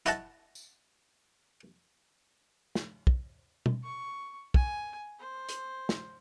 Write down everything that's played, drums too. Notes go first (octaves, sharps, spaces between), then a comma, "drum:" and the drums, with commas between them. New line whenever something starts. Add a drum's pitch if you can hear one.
E4 F#4 D#5 F#5 A5, drum: hi-hat
drum: tambourine
drum: snare
drum: kick
drum: tom B2
C#6
G#5, drum: kick
C5
drum: hi-hat
drum: snare